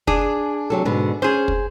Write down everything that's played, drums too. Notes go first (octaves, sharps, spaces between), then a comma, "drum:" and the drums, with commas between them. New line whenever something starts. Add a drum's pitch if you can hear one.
D4 G#4, drum: kick
C3 F#3 A4
G#2 B2 D3
C#4 G#4 C5
drum: kick